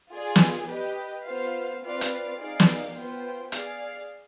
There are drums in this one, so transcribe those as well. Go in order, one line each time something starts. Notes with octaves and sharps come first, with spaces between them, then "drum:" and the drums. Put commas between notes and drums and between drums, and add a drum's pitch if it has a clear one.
F4 G#4 D5
drum: snare
G4 B4 D#5
B3 F4 C5 F5
C4 F4 B4 D5 F5
drum: hi-hat
D#4 G#4 D5 F5
drum: snare
B3 F4 C5 G5
G#4 D5 F5, drum: hi-hat